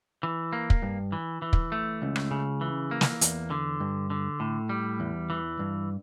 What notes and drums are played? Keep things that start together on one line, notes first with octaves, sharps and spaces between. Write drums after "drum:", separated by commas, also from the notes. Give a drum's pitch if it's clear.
E3
A#3
drum: kick
G2
E3
E3
drum: kick
A3
C#2
drum: rim click
C#3
E3
A#3
drum: snare
E2, drum: hi-hat
D3
G2
D3
A2
G3
E2
E3
G2